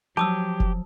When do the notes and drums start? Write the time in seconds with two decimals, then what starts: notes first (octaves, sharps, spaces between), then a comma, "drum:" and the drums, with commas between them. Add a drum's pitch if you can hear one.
0.17 F3 F#3 G4 A5 D#6 E6
0.60 drum: kick F1